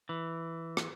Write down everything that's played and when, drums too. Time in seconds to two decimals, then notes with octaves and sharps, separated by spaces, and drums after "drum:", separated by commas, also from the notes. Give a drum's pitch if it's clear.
0.09 E3
0.77 drum: rim click